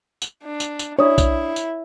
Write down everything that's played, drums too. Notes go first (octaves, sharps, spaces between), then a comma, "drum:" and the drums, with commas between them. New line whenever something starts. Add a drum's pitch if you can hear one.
drum: tambourine
D4
drum: tambourine
drum: tambourine
D4 E4 C#5 D5 D#6
drum: kick, tambourine
drum: tambourine